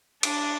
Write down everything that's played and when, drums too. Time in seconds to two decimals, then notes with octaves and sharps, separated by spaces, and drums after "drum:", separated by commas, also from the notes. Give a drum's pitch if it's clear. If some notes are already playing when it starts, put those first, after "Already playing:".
0.23 D4, drum: cymbal